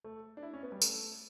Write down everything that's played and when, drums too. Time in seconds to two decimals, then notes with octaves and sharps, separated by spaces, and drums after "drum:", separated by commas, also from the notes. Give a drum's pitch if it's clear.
0.04 A3
0.37 D4
0.43 E4
0.53 C#4
0.63 B3
0.72 G3
0.82 A3, drum: tambourine